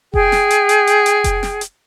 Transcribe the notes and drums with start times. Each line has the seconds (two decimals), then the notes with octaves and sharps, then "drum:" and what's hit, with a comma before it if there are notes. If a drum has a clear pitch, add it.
0.14 G#4 G5, drum: kick F1
0.32 drum: snare
0.50 drum: hi-hat
0.69 drum: hi-hat
0.87 drum: hi-hat
1.06 drum: hi-hat
1.24 drum: kick F1, hi-hat
1.43 drum: snare
1.61 drum: hi-hat